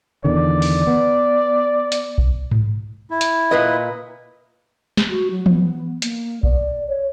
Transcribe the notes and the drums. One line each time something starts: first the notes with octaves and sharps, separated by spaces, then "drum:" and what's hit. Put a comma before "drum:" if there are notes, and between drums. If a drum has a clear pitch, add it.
E2 D3 D#3 D5
drum: open hi-hat
B3
drum: hi-hat
drum: kick B1
drum: tom G#2
E4
drum: hi-hat
A#2 B4 D#5
drum: snare
F#4
F#3
B3, drum: tom E3
A#3, drum: hi-hat
D5, drum: kick B1
C#5